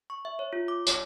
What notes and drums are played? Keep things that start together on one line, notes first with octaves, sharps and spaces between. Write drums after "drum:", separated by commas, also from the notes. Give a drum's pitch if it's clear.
C#6
E5
C#5
F4
D6
C#5, drum: tambourine